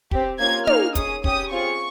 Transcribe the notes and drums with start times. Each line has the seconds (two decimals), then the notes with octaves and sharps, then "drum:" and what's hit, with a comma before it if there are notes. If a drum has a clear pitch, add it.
0.11 C4 G4, drum: kick
0.39 A#3 C#4 F4 G#6
0.67 A#3 D#4 G#4 F6, drum: tom
0.95 C#4 G#4 D#6, drum: kick, hi-hat
1.24 C#4 G4 D#6, drum: kick
1.51 C4 F4 G#4 C#6